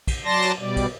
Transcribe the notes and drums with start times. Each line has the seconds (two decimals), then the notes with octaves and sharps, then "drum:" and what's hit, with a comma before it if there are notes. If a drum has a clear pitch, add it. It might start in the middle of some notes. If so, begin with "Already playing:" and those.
0.08 drum: kick, cymbal
0.25 F#3 D5 A5 C6 A#6
0.42 drum: cymbal
0.59 B2 G3 D5
0.77 drum: kick, cymbal